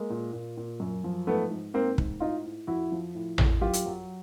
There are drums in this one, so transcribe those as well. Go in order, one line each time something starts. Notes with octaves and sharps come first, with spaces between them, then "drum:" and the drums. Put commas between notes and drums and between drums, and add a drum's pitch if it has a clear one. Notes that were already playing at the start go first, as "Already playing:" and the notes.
Already playing: G#3 A#3
A#2
A#2
A#2
F#2
F3
G#2 A3 B3
G#2
G#2 A#3 C4
G#2, drum: kick
A2 D#4 F4
A2
F2 E4 F#4
F3
A2
A2, drum: tom A1
F#2 F4 G4
drum: hi-hat
F#3